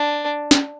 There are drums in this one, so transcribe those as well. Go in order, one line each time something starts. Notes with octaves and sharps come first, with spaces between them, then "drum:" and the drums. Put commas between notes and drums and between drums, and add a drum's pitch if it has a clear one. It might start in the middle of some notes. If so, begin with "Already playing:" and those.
Already playing: D4
drum: snare